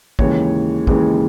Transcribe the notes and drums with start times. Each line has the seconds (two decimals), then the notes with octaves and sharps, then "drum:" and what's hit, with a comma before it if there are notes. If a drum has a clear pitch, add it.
0.19 D#2 C#3 E3 G#3 C#5, drum: kick
0.87 D#2 C#3 E3 G#3, drum: kick